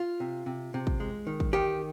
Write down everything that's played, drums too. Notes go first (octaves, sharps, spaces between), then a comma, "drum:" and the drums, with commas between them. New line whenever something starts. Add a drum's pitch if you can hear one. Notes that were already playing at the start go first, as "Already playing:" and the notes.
Already playing: F4
C3
C3
C3
drum: kick
G#3
D#3
drum: kick
D#3 G4